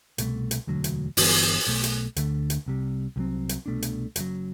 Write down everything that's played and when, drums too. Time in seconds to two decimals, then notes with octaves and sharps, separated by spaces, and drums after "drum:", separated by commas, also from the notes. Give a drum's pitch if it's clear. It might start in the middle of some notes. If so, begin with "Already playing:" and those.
0.18 C2 B2 A3, drum: hi-hat
0.51 drum: hi-hat
0.67 E1 D2 D3 F#3
0.84 drum: hi-hat
1.17 G1 G2 E3 B3, drum: open hi-hat
1.67 B1 B2 A3
1.83 drum: hi-hat
2.16 D2 D3 A3, drum: hi-hat
2.50 drum: hi-hat
2.66 C2 C3 G3
3.16 C2 B2 F#3 C4
3.49 drum: hi-hat
3.66 C2 B2 A3 D4
3.82 drum: hi-hat
4.16 F#1 F#2 F#3, drum: hi-hat